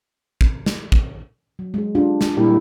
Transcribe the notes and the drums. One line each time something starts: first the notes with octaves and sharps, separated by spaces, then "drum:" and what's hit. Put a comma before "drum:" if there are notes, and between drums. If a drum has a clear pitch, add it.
drum: kick
drum: snare
drum: kick
F#3
G#3 G#4
D4 F4 G4
drum: snare
A#2 G3 E4